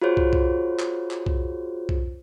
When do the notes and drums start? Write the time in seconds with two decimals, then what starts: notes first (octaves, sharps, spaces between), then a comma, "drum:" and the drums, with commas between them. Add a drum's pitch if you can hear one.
0.01 F4 F#4 G#4 C5 C#5
0.17 drum: kick
0.33 drum: kick
0.80 drum: clap
1.11 drum: clap
1.26 drum: kick
1.89 drum: kick